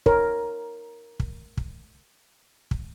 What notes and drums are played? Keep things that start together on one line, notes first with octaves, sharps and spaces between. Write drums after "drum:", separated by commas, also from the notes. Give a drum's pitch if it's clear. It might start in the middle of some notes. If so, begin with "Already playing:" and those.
A#4 C#5, drum: kick
drum: kick
drum: kick
drum: kick